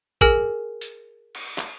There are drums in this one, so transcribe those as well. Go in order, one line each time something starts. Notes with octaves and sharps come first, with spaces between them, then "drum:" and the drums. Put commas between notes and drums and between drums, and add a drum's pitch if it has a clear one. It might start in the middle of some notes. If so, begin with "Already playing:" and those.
G#4 A#4 G#5 F6 A#6, drum: kick A1
drum: hi-hat
drum: cymbal
drum: clap